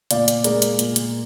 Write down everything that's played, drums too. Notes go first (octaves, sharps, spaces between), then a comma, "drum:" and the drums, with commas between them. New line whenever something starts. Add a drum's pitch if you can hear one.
A#2 D5 F5, drum: hi-hat
drum: hi-hat
G#3 A#4 D5, drum: hi-hat
drum: hi-hat
A#2, drum: hi-hat
drum: hi-hat